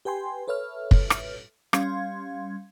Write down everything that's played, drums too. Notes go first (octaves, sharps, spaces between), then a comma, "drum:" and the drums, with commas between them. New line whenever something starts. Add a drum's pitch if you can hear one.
G4 B4 G5 G#5 C6
A4 B4 C#5 E5 F6
drum: kick
drum: rim click
G3 C#4 F5 C6 G#6, drum: rim click